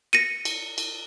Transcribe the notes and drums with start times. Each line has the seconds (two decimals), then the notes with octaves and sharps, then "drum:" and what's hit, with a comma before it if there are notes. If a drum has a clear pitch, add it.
0.13 A#6 C#7 D#7
0.45 drum: cymbal
0.78 drum: cymbal